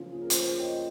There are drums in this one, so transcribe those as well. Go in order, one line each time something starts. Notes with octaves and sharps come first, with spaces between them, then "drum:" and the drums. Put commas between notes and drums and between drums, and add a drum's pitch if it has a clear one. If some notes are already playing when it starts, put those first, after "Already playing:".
Already playing: C#3 F3 A#3 C#4 F4
G#4
A#4
C5, drum: hi-hat
A#4 C#5
D#5 G5